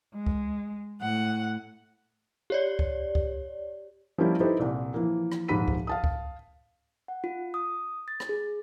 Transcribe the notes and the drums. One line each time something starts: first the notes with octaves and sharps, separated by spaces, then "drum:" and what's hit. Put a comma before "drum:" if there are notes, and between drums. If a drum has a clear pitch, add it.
G#3
drum: kick C#2
A2 F#5
G4 C#5 D5
drum: kick C#2
drum: kick C#2
F3 G3 A#3 C#4 E4 G4
D#4 E4 G4 A4 B4 C5
C2 A#2
E3 F3 A#3
drum: rim click
D#1 G#2 F3 B5 B6 D#7
drum: kick C#2
F5 A5 D#6
drum: kick C#2
F#5
F4
D#6
A6
drum: rim click
G#4